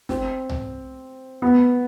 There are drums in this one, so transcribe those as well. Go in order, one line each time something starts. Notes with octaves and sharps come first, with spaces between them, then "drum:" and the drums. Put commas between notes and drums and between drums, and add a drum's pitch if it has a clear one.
C4, drum: snare
drum: tom C2
B3